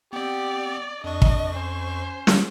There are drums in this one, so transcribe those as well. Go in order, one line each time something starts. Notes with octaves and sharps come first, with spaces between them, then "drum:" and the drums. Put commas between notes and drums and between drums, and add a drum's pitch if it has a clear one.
B3 C4 G4 D5
F2 D4 D#5 C#6
drum: kick
C#4 C5
drum: snare